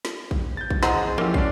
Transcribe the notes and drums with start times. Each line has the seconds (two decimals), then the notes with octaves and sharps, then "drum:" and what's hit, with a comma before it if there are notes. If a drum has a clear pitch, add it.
0.05 drum: snare
0.31 drum: kick
0.57 G6 A6
0.70 drum: kick
0.83 E2 E4 G#4 C5 D#5 F#5 A#5, drum: snare
1.18 F3 A#3 C#4 E4 G4
1.34 C#4 D4 D5 C7, drum: kick